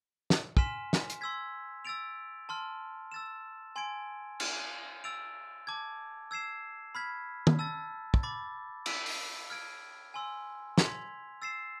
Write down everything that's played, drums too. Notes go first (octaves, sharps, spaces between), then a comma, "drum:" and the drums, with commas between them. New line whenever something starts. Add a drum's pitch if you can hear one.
drum: snare
G#5 C6 F6 B6 E7, drum: kick
drum: snare
drum: hi-hat
C6 E6 G#6 B6
E6 A6 D7 F7
A5 C6 F6
E6 A6 E7
G#5 C6 G#6 D7
F6 G#6 D7, drum: cymbal
E6 A6 D7 F7
A5 D6 G#6
E6 G#6 C7 E7
B5 F6 G#6 B6
drum: tom
A5 E6 A6
drum: kick
B5 D6 A6
E6 B6 D7, drum: cymbal
drum: open hi-hat
F6 G#6 D7
G#5 C6 E6
C6 G#6 B6 F7, drum: snare
E6 A6 C7 E7